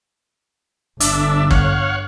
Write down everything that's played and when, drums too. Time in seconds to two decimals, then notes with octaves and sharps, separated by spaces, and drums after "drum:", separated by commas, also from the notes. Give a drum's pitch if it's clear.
1.00 G1 D4 E5, drum: hi-hat
1.51 C#5 F5 F#5, drum: kick